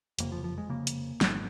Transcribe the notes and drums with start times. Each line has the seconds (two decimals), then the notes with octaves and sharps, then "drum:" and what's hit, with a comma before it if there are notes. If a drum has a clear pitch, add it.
0.19 F1 F2 C#3 A#3, drum: hi-hat
0.32 F3
0.44 F3
0.58 G#3
0.69 F1 F2 C#3 A#3
0.87 drum: hi-hat
1.21 G#1, drum: snare